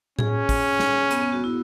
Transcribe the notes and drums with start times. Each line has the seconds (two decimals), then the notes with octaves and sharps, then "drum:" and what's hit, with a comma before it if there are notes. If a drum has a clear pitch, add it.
0.19 C#4 G#4, drum: tom A2
0.49 drum: kick, open hi-hat
0.80 drum: snare
1.11 B3, drum: hi-hat
1.21 B3
1.32 F#4
1.44 E4